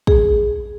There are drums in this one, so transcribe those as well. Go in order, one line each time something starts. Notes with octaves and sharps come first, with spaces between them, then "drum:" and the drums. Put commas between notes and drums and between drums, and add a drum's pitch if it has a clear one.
G#4, drum: kick